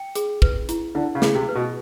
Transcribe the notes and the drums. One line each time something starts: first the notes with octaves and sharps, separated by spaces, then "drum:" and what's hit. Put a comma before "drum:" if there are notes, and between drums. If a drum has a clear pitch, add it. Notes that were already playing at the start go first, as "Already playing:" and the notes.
Already playing: G5
G#4, drum: hi-hat
B4, drum: kick
E4, drum: hi-hat
D3 E4
C#3
G#4, drum: snare
C3
B4
B2